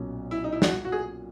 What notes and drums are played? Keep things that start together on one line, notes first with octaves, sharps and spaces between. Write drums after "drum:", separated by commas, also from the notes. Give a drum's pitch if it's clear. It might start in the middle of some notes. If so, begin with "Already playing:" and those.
Already playing: B1 A#2 F#3 C#4
E4
D#4
E4
F#4, drum: snare
F#4
G#4